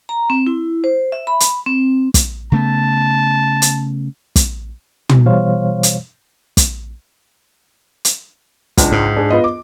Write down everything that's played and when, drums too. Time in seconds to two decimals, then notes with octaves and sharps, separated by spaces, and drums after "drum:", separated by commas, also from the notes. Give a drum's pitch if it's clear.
0.09 A#5
0.30 C4
0.47 E4
0.84 C5
1.12 E5
1.27 B5
1.40 drum: hi-hat
1.66 C4
2.14 drum: kick, hi-hat
2.52 C#3 A3 B3 A5
3.62 drum: hi-hat
4.36 drum: kick, hi-hat
5.09 drum: tom
5.26 B2 E3 G3 C5 C#5 F5
5.83 drum: hi-hat
6.57 drum: kick, hi-hat
8.05 drum: hi-hat
8.77 C#2 D4, drum: kick, hi-hat
8.92 G#2
9.17 D4 G#4
9.30 B3 F4 D#5
9.44 D6